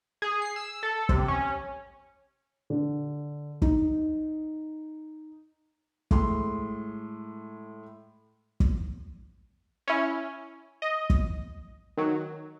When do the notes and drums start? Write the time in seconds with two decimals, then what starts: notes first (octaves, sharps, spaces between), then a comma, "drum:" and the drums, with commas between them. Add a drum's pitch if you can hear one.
0.22 G#4
0.42 C7
0.56 E6
0.83 A4
1.09 C3, drum: kick
1.28 C#4
2.70 D3
3.62 D#4, drum: kick
6.11 A2 G#3 C6, drum: kick
8.60 drum: kick
9.88 C#4 E4
10.82 D#5
11.10 drum: kick
11.97 D#3 F#3